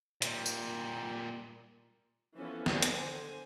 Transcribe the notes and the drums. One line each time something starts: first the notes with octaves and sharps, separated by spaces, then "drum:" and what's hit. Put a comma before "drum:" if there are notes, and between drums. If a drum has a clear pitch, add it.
A#2 G3, drum: hi-hat
drum: tambourine
E3 F3 B3 C#4 A4
D3 C5 G#5, drum: snare
drum: hi-hat